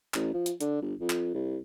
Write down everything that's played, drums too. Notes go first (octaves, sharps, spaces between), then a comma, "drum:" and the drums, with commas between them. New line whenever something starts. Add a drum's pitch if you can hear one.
A1, drum: clap
F3
drum: hi-hat
D3, drum: hi-hat
G1
F2
drum: clap
C2